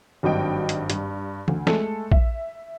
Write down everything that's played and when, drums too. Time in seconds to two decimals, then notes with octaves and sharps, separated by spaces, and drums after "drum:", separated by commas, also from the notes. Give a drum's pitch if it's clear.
0.23 G#1 G2 F#3 D#5 G5 D7
0.69 drum: hi-hat
0.90 G2, drum: hi-hat
1.48 D2, drum: tom E3
1.67 G#3 A3 A4, drum: snare
2.12 E5, drum: kick A#1